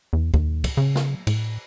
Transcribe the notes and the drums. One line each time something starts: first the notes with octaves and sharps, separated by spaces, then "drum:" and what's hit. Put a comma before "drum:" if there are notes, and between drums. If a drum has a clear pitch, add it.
E2
D#2, drum: kick
drum: kick, cymbal
C#3
drum: snare
A2, drum: cymbal